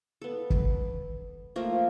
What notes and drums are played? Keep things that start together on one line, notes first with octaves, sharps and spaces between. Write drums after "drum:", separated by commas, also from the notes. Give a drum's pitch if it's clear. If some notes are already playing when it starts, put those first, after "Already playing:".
B3 A4
drum: kick
F3 A3 A#3 A#4